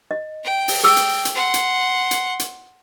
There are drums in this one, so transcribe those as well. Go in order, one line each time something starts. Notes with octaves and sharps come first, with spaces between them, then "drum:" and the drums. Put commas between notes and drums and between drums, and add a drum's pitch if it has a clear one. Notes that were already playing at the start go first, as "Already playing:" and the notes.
D#5
G5
drum: open hi-hat
G#4 G5 D#6 E6
drum: hi-hat
drum: hi-hat
F#5 C6
drum: hi-hat
drum: hi-hat
drum: hi-hat